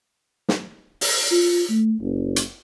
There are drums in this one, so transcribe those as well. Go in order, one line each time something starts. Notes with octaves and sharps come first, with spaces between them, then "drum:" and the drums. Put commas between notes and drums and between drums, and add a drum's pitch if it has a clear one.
drum: snare
drum: open hi-hat
F4
A3
F#1
drum: hi-hat